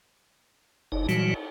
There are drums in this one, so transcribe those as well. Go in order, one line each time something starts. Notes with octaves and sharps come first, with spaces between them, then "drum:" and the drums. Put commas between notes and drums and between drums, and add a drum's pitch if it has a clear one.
F#1 D#4, drum: cymbal
A#2 E3 F#3 G3 F#4, drum: hi-hat